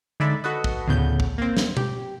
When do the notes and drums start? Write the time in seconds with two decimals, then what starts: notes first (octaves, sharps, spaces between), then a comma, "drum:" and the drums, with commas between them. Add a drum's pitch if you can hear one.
0.20 D3 G#3 D#4 D5 E5 B5
0.44 F#4 A4 B4 D#5
0.64 drum: kick
0.88 D2 A2 C#3 B3 G6
1.20 drum: kick
1.38 A#3 C4
1.57 drum: snare
1.77 G4, drum: tom B2